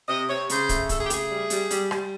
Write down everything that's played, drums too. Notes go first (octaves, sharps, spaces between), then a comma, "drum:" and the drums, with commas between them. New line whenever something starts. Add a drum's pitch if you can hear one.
C3 D#5
C3 C#5
C#3 C5, drum: hi-hat
A3, drum: kick, hi-hat
C#3 A4, drum: kick, hi-hat
G#4
G4
A3 G#4, drum: hi-hat
G3
G3, drum: hi-hat
G3, drum: hi-hat
G3, drum: rim click